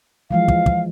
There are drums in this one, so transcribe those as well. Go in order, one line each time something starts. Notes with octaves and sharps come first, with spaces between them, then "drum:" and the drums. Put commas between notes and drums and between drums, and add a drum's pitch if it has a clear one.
E3 F3 G#3 F5
drum: kick
drum: kick